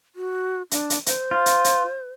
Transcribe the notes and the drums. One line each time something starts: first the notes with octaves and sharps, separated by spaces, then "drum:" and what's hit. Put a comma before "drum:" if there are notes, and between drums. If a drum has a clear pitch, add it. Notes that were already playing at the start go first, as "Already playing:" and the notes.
F#4
D4, drum: hi-hat
drum: hi-hat
C5, drum: hi-hat
F4
drum: hi-hat
drum: hi-hat